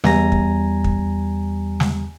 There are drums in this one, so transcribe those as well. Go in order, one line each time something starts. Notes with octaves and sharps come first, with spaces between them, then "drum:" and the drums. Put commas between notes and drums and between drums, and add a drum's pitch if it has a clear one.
E2 G3 G#5 A#5 A#6, drum: snare
drum: kick
drum: kick
drum: snare